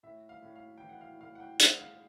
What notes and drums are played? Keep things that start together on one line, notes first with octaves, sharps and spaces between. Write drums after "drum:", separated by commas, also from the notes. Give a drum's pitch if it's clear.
A2 E5
F5
A2
F5
E3 G5
F#5
F5
A2 F5
F#5
G5
G#3 F#5, drum: hi-hat
F5